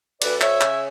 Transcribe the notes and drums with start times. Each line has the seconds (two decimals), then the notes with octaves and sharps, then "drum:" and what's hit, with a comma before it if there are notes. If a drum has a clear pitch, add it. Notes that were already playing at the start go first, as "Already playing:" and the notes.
0.22 D2 B4 D5, drum: cymbal
0.41 D2 C#5 E5, drum: clap
0.61 C#3, drum: clap